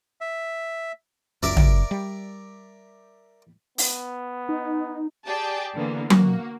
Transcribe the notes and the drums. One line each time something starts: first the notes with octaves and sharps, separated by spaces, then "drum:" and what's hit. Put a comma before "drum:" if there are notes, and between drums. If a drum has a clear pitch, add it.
E5
F#1 C#2 F#2 A#4 D5 E5
drum: tom
G3
B3, drum: open hi-hat
D#4
G4 G#4 D5 G5 A5
D3 E3 A#3 B3
A#3 F#4, drum: tom F#3